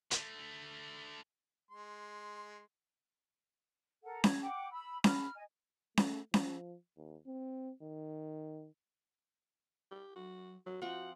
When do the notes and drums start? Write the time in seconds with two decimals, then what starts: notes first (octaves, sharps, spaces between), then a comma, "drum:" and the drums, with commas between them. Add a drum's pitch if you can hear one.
0.11 D3 A3, drum: hi-hat
1.71 G#3 C6
4.04 A4 A#4 F#5
4.24 G#6, drum: snare C#4
4.42 F#5 G5 D6
4.71 B5 E6
5.04 B5 F6, drum: snare C#4
5.34 D#5 G#5
5.97 A3, drum: snare C#4
6.34 F3, drum: snare C#4
6.97 D#2
7.26 C4
7.82 D#3
9.91 G4
10.16 F#3 F#4
10.66 F#3 F#4
10.82 F3 C4 F#5 G5